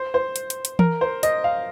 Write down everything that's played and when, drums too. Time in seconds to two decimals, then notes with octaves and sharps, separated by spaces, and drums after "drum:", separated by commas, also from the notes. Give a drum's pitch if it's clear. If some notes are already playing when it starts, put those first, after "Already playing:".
Already playing: C5
0.14 C5
0.36 drum: hi-hat
0.50 drum: hi-hat
0.65 drum: hi-hat
0.79 A#4, drum: tom E3
1.01 C5
1.23 D#5, drum: hi-hat
1.44 F5